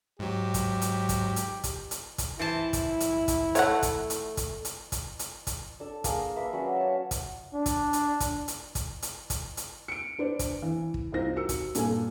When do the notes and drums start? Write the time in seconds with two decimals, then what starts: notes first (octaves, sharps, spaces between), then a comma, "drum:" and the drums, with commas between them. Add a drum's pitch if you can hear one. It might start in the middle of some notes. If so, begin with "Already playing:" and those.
0.19 G#2 F#3 G4
0.54 drum: kick, hi-hat
0.81 drum: hi-hat
1.09 drum: kick, hi-hat
1.36 drum: hi-hat
1.64 drum: kick, hi-hat
1.91 drum: hi-hat
2.18 drum: kick, hi-hat
2.39 E3 E4 C5 A5
2.73 drum: kick, hi-hat
3.00 drum: hi-hat
3.28 drum: kick, hi-hat
3.55 A3 C#5 F5 F#5, drum: hi-hat
3.83 drum: kick, hi-hat
4.10 drum: hi-hat
4.37 drum: kick, hi-hat
4.65 drum: hi-hat
4.92 drum: kick, hi-hat
5.19 drum: hi-hat
5.47 drum: kick, hi-hat
5.80 D4 A4 A5
6.04 A#3 G#4, drum: kick, hi-hat
6.36 A#3 B4 E5
6.53 F#3 C#4 D5 C#6
6.76 C#5 A5
7.11 drum: kick, hi-hat
7.54 D4
7.66 drum: kick, hi-hat
7.93 drum: hi-hat
8.20 drum: kick, hi-hat
8.48 drum: hi-hat
8.75 drum: kick, hi-hat
9.02 drum: hi-hat
9.30 drum: kick, hi-hat
9.57 drum: hi-hat
9.88 C#7 D7
10.19 D4 B4 C5 D5
10.39 drum: kick, hi-hat
10.62 E3
10.94 drum: kick
11.12 C2 D#4 F4 C5 A#6
11.36 F#4 A#4 E6 C#7
11.49 drum: kick, hi-hat
11.75 G2 A#2 A4 G#5, drum: hi-hat